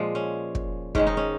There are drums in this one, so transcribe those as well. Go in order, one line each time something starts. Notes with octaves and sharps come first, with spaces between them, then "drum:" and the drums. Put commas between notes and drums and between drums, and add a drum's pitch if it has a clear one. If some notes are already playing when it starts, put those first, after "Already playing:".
Already playing: A#2 F3 G#3
C#4
drum: kick
G#2 D#3 G#3 C#4, drum: kick
D#4
C#4